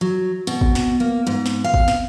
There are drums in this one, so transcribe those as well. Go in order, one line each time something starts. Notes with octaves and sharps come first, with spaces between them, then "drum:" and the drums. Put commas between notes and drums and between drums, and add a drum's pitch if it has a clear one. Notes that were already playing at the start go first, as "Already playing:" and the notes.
F#3
B2, drum: tambourine
drum: kick G1
drum: snare
A#3
G#2
drum: snare
F5
drum: kick G1
drum: snare